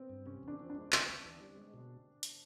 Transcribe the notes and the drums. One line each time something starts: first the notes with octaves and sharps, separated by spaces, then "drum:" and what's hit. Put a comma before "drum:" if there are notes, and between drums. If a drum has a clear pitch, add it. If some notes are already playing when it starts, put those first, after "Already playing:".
Already playing: B3 C4
G2
C3 C#4
E2 D4
F3
D4
G#3
C#3, drum: clap
D#2
E3
G3
G#3
B2
drum: hi-hat